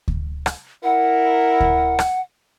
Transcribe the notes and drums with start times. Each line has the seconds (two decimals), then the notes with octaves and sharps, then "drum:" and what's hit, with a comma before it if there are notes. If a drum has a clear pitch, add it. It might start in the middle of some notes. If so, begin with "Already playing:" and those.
0.08 drum: kick D2
0.46 drum: rim click
0.84 E4 A#4 F#5
1.60 drum: kick D2
1.99 drum: rim click